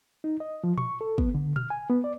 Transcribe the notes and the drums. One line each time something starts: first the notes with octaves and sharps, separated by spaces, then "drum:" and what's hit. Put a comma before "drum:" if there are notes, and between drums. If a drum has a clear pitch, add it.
D#4
D#5
F3
C#6, drum: tom A#2
A4
B3, drum: kick
D3
F6, drum: tom A#2
G#5
B3
D5